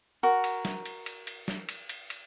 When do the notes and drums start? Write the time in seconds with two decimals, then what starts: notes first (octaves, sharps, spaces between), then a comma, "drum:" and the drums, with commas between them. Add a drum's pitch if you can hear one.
0.23 F#4 A#4
0.44 drum: cymbal
0.65 drum: snare
0.86 drum: cymbal
1.06 drum: cymbal
1.27 drum: cymbal
1.48 drum: snare
1.69 drum: cymbal
1.89 drum: cymbal
2.10 drum: cymbal